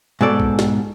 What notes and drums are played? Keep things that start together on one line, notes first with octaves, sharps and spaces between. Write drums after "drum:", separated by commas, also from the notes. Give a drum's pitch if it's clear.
G#2 B2 A4 D5
drum: kick A#1
drum: snare